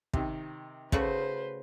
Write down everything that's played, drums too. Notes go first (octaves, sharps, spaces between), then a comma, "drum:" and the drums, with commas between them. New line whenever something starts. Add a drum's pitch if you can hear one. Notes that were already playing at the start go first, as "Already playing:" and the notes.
C3 D#3, drum: kick
C#3 A3 F#4 B4 C5, drum: kick